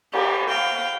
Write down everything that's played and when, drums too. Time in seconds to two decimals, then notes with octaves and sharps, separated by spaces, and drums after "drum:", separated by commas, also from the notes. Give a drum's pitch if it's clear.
0.13 G4, drum: cymbal
0.48 F5 G5